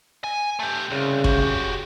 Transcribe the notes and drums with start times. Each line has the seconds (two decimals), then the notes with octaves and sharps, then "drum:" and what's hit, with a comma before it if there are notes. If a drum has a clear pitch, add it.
0.24 G#5
0.59 A3 G4
0.91 C2 C#3
1.24 F#4 G4, drum: kick